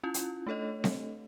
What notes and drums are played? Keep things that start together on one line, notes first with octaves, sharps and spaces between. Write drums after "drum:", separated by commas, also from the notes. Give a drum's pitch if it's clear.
C#4 E4 F4
drum: hi-hat
A3 D4 A4 C#5 D#5
drum: snare C4